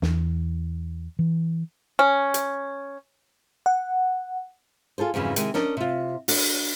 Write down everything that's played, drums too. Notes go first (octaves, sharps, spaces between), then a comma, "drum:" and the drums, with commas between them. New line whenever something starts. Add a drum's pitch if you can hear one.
E2, drum: snare
E3
C#4
drum: hi-hat
F#5
F4 G#4 A4 C5
F2 G#2 C#3 E3 F#3
C3 D#3 G#3, drum: hi-hat
C#4 D4 A#4 D#5, drum: snare
C3 F4
D4 F#4, drum: open hi-hat